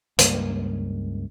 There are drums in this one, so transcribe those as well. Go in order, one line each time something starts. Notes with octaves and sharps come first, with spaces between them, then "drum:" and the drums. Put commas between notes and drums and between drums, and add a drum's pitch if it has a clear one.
C#2 G2 G3 A#3, drum: hi-hat